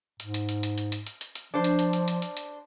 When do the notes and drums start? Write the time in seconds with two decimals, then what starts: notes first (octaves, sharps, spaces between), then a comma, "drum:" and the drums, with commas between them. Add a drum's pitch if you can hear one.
0.20 G#2, drum: hi-hat
0.34 drum: hi-hat
0.49 drum: hi-hat
0.63 drum: hi-hat
0.78 drum: hi-hat
0.92 drum: hi-hat
1.07 drum: hi-hat
1.21 drum: hi-hat
1.35 drum: hi-hat
1.54 F3 D4 C5
1.64 drum: hi-hat
1.79 drum: hi-hat
1.93 drum: hi-hat
2.08 drum: hi-hat
2.22 drum: hi-hat
2.37 drum: hi-hat